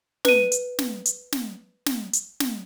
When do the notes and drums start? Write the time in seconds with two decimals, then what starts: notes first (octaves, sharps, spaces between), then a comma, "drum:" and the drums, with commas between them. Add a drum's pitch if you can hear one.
0.25 B4 D#7, drum: snare
0.52 drum: hi-hat
0.79 drum: snare
1.06 drum: hi-hat
1.32 drum: snare
1.86 drum: snare
2.13 drum: hi-hat
2.40 drum: snare